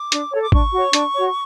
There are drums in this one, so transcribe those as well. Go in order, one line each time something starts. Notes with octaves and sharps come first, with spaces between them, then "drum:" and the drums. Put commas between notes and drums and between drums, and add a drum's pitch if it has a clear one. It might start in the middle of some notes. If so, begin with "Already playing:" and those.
Already playing: D6
D4, drum: hi-hat
A4 C#5
D6
D4 C#6, drum: kick G#1
F#4 C#5
D4, drum: hi-hat
F#4 C#5